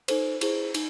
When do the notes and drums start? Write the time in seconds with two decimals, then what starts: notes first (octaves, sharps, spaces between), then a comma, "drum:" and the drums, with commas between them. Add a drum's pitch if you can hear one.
0.08 D#4 A4 C5, drum: cymbal
0.41 E4 G#4 C5, drum: cymbal
0.74 D#4, drum: cymbal